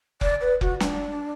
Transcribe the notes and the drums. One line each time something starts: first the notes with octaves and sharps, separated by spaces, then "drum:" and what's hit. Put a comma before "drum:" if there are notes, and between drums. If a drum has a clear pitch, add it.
D5, drum: kick F1
B4
F#4, drum: kick F1
D4, drum: snare